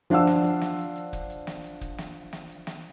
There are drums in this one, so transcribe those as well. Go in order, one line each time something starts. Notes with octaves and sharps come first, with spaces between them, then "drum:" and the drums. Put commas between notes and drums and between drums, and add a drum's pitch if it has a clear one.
F3 D4 F5 F#5 E6, drum: hi-hat
drum: snare
drum: hi-hat
drum: snare
drum: hi-hat
drum: hi-hat
drum: kick, hi-hat
drum: hi-hat
drum: snare
drum: hi-hat
drum: kick, hi-hat
drum: snare
drum: snare
drum: hi-hat
drum: snare